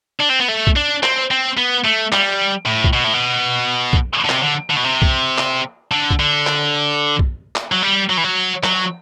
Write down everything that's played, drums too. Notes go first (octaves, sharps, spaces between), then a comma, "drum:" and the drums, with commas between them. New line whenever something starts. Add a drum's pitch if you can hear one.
D4
C4
B3
A3
drum: kick
D4
C4, drum: clap
C4
B3
A3
G3, drum: clap
A2
drum: kick
B2
A2
B2
drum: kick
D3
C3, drum: clap
D3
D3
B2
C3
drum: kick
drum: clap
D3
drum: kick
D3
drum: clap
drum: kick
drum: clap
F#3
G3
F#3
E3
F#3
F#3, drum: clap